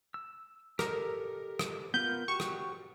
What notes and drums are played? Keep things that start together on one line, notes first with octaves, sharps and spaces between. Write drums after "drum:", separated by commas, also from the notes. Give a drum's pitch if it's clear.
E6
G4 A4 A#4 D#5, drum: rim click
drum: rim click
B3 F4 A#4 G6
F#4 G4 C#6
drum: rim click